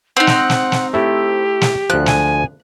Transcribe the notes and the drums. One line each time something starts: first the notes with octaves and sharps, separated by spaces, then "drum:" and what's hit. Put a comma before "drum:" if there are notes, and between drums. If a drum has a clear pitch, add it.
C4 D#4 F#5
drum: snare
drum: snare
drum: snare
A3 E4 G4
drum: snare
D2 F3 F#6
G#5, drum: snare